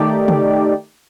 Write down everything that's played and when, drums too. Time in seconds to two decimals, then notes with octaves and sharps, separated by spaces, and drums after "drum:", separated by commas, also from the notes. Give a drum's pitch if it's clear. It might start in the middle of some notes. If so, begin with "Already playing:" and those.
Already playing: D#3 A3 D#4 G4 D5
0.28 drum: tom